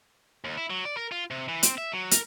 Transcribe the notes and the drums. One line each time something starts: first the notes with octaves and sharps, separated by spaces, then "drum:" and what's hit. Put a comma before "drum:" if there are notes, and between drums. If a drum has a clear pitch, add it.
D#2
E4
F#3
D5
A#4
F4
C3
E3
C4, drum: hi-hat
E5
F#3
A#4, drum: hi-hat